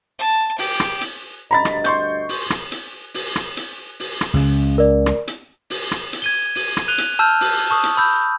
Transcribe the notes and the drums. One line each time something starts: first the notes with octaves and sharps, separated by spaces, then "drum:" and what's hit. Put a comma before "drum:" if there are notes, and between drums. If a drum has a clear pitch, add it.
A5
G4, drum: open hi-hat
drum: rim click
drum: hi-hat
D2 G2 D#5 A#5 B5 A6
drum: rim click
C6 C#6 G6, drum: hi-hat
drum: open hi-hat
drum: rim click
drum: hi-hat
drum: open hi-hat
drum: rim click
drum: hi-hat
drum: open hi-hat
drum: rim click
C#2 C#3
A#4 D5
drum: rim click
drum: hi-hat
drum: open hi-hat
drum: rim click
drum: hi-hat
G#6 D#7 G7
D#7, drum: open hi-hat
drum: rim click
F#6 D#7 F7 G7
drum: hi-hat
A5 E6 F6 G6
drum: open hi-hat
A5 C#6 D#6
drum: hi-hat
B5 E6 G6